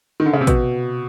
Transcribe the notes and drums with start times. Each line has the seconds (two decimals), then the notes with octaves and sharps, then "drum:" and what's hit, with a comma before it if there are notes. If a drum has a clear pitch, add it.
0.20 D#3
0.26 D3
0.33 C#3
0.41 C3
0.47 B2, drum: kick, hi-hat